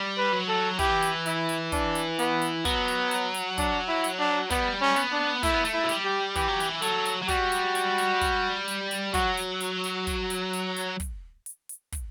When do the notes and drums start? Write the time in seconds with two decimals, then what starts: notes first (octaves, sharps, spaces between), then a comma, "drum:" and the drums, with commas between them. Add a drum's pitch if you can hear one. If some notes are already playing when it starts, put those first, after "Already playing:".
Already playing: G3
0.17 B4
0.33 F#3
0.48 A4
0.79 E3 G4, drum: kick, hi-hat
1.02 drum: hi-hat
1.26 E4, drum: hi-hat
1.49 drum: hi-hat
1.72 D4, drum: kick, hi-hat
1.95 drum: hi-hat
2.19 B3, drum: hi-hat
2.42 drum: hi-hat
2.65 F#3 B3, drum: kick, hi-hat
2.88 drum: hi-hat
3.11 drum: hi-hat
3.34 drum: hi-hat
3.58 D4, drum: kick, hi-hat
3.88 E4
4.04 drum: hi-hat
4.19 D4
4.50 G3 B3, drum: kick, hi-hat
4.81 C#4
4.96 B3, drum: hi-hat
5.12 D4
5.43 A3 E4, drum: kick, hi-hat
5.54 B3
5.65 A3, drum: hi-hat
5.74 E4
5.84 F#3
5.89 G3, drum: hi-hat
6.04 G4
6.36 E3 G4, drum: kick, hi-hat
6.48 F#3
6.60 E3, drum: hi-hat
6.82 F#3 A4, drum: hi-hat
7.05 drum: hi-hat
7.23 F#3
7.28 G3 F#4, drum: kick, hi-hat
7.52 drum: hi-hat
7.75 drum: hi-hat
7.98 drum: hi-hat
8.21 drum: kick, hi-hat
8.68 drum: hi-hat
8.91 drum: hi-hat
9.14 F#3 F#4, drum: kick, hi-hat
9.37 drum: hi-hat
9.61 drum: hi-hat
9.84 drum: hi-hat
10.07 drum: kick, hi-hat
10.30 drum: hi-hat
10.53 drum: hi-hat
10.76 drum: hi-hat
11.00 drum: kick, hi-hat
11.46 drum: hi-hat
11.69 drum: hi-hat
11.92 drum: kick, hi-hat